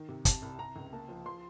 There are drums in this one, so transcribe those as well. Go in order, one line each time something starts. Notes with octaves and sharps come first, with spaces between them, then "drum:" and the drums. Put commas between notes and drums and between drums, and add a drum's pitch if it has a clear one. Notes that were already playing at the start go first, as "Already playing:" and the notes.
Already playing: D#3
C3
C3 A5, drum: kick, hi-hat
C2
C3 A#5
C#2
A#3 A5
F3
F3 C6